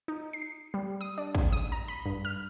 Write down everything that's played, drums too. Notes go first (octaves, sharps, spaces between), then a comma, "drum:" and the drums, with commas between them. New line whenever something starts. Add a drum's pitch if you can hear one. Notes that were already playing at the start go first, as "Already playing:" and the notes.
D#4
C7
G3
D#6
D4
drum: kick
D#6
A#5
B5
G2
F6